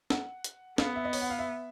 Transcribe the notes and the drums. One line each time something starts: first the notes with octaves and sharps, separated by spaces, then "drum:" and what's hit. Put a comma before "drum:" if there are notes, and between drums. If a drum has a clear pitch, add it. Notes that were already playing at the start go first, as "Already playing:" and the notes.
F#5, drum: snare
drum: hi-hat
B3 F5, drum: snare
E5
D#5
C#5, drum: open hi-hat
F#5
F5
E5